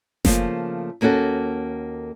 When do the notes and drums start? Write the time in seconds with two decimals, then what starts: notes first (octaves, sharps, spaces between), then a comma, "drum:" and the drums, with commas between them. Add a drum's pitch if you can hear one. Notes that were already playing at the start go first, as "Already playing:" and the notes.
0.25 C#3 F3 A3 A#3, drum: snare F#1
1.01 D#2 A#3 C#4 F#4 A4